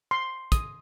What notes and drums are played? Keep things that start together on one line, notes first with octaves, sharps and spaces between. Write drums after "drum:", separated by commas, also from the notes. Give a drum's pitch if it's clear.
C6
D#6, drum: kick, hi-hat